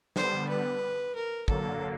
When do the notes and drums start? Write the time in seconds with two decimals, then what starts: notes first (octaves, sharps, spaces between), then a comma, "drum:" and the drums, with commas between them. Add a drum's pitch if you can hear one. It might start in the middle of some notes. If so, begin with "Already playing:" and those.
0.16 D3 G3 B3 C5, drum: snare
0.49 B4
1.15 A#4
1.48 D3 F#3 A#3 A4, drum: kick